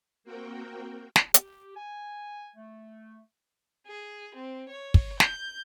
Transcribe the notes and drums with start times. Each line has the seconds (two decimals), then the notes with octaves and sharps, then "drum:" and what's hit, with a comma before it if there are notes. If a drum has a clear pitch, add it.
0.24 A#3 C4 F#4 A#4 G5
1.16 drum: snare
1.34 G4, drum: hi-hat
1.76 G#5
2.57 A3
3.86 G#4
4.35 C4
4.69 C#5
4.94 drum: kick
5.20 G6, drum: snare